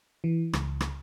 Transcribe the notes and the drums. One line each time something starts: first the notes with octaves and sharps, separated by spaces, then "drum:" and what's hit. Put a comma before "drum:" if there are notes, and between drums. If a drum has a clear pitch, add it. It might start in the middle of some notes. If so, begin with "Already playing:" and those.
E3
C#2, drum: rim click
drum: rim click